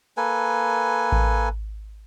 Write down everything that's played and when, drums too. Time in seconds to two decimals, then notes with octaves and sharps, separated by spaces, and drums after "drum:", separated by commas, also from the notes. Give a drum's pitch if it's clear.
0.17 A#3 A4 B4 G#5
1.12 drum: kick A1